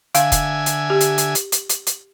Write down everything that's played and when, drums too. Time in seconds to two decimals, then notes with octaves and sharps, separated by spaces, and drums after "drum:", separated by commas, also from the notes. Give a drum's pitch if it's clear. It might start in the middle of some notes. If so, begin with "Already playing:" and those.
0.15 D3 E5 F5 G#5, drum: hi-hat
0.32 drum: kick F1, hi-hat
0.66 drum: hi-hat
0.90 G4
1.01 drum: hi-hat
1.18 drum: hi-hat
1.35 drum: hi-hat
1.52 drum: hi-hat
1.69 drum: hi-hat
1.87 drum: hi-hat